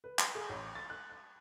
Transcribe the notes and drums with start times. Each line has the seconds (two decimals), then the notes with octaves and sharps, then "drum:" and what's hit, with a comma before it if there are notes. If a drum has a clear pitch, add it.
0.04 B4
0.19 drum: clap
0.35 G#4
0.49 A1
0.75 A6
0.90 F#6
1.10 F#6